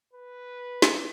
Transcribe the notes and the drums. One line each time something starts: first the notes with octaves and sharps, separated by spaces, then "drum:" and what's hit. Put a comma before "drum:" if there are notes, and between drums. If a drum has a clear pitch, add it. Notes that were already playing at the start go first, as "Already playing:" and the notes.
B4
drum: snare